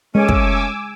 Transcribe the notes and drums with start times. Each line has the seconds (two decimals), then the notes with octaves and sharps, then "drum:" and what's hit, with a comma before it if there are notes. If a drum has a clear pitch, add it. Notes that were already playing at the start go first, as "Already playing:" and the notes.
0.15 G#3 A3 C#4 G#5 D6 E6
0.29 drum: kick